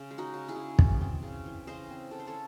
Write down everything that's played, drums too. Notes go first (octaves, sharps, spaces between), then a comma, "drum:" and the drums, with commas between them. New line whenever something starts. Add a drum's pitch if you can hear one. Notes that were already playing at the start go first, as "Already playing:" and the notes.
Already playing: C#3
G#3
D#4 F#4
C#3
E4 G#4
C#3
E3, drum: kick
C4
C#3
E3
C#3 C5 D#5
C4
C#3 A4
C5
A4 C#5